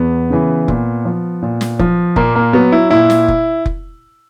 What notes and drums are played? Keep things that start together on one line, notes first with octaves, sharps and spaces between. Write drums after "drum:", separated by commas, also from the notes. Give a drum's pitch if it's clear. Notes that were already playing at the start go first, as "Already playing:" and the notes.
Already playing: E2 B3
C#3 E3
A#2, drum: kick F1
F3
A#2
drum: snare
F3, drum: kick F1
A#2 A#3, drum: kick F1
A#3
F#3 B3
E4
A#2 E4
drum: snare
drum: kick F1
drum: kick F1